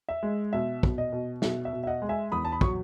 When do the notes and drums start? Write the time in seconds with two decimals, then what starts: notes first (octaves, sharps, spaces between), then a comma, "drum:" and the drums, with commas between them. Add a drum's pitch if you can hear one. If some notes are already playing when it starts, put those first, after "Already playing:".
0.09 E5
0.23 G#3
0.53 B2 E5
0.83 B2, drum: kick
0.98 D#5
1.13 B2
1.42 B2 E5, drum: snare
1.65 E5
1.73 B2
1.83 E5
1.87 D#5 F#5
2.02 G#3
2.09 E5 G#5
2.32 E2 B5 D#6
2.45 A5
2.52 B5
2.61 F#3 C#6, drum: kick